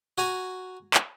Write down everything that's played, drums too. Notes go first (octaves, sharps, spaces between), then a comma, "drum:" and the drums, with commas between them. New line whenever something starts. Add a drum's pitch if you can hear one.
F#4 G#5 A#5
drum: clap